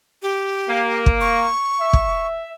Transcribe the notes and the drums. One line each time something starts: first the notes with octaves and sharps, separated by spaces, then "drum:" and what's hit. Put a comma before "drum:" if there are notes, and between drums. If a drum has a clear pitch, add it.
G4
A#3
drum: kick
C#6
E5
drum: kick